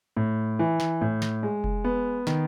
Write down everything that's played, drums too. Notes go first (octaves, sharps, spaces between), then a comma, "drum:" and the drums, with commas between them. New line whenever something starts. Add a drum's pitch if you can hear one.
A2
E3
drum: snare
A2
drum: snare
G#3
drum: kick F1
B3
D#3, drum: snare